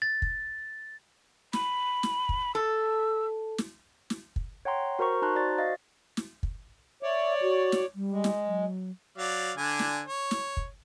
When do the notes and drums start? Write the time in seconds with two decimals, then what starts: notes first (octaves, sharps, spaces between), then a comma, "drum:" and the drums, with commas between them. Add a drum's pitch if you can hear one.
0.02 A6
0.22 drum: kick
1.53 B5, drum: snare
2.03 drum: snare
2.29 drum: kick
2.55 A4 E6
3.58 drum: snare
4.10 drum: snare
4.36 drum: kick
4.65 C#5 F#5 G5 A#5 C6
4.99 F#4 A#4 C5 A#5 C#6
5.22 D#4 F#4 A5 A#5 C6 F#6
5.35 F#4 C5 D5 A6
5.58 D#5 F5 A6
6.17 drum: snare
6.43 drum: kick
7.03 C#5 D5 E5
7.42 F#4
7.72 drum: snare
7.95 G3
8.11 G#3
8.24 drum: snare
8.47 F#3
9.18 F#3 D5 F5
9.57 D3 D4 G#5
9.79 drum: snare
10.06 C#5
10.31 drum: snare
10.57 drum: kick